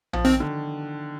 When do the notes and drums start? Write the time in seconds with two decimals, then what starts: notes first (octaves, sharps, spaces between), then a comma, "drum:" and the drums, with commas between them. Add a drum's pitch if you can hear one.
0.13 F3, drum: tom A#1
0.24 D#3 C4
0.40 D3